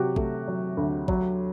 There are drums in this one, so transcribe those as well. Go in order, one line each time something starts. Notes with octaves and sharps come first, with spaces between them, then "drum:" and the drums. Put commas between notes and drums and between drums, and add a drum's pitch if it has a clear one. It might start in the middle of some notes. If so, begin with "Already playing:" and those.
Already playing: C3 F#3 F#4 G4
A3, drum: kick A1
F#3
D2
F#3, drum: kick A1